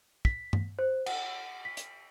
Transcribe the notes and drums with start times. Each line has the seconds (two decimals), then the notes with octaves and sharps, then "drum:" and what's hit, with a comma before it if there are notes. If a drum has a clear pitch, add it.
0.25 B6, drum: kick
0.53 drum: tom G2
0.79 C5
1.06 F#5, drum: cymbal
1.65 B6
1.77 drum: hi-hat